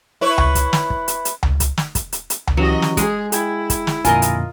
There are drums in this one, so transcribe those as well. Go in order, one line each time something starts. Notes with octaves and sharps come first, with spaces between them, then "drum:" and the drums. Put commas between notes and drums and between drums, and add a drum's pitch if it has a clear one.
E4 B4 C#5
drum: tom C#2
drum: kick, hi-hat
drum: snare
drum: kick
drum: hi-hat
drum: hi-hat
drum: tom C#2
drum: kick, hi-hat
drum: snare
drum: kick, hi-hat
drum: hi-hat
drum: hi-hat
drum: tom C#2
E3 F#3 C#4 F#4 G4 D#5
drum: snare
G#3 G#4, drum: kick, hi-hat
E4 G#4 G5 G#6, drum: hi-hat
drum: kick, hi-hat
drum: snare
F2 A#2 D3 F4 A#4 D#5 G#5, drum: kick, hi-hat
drum: hi-hat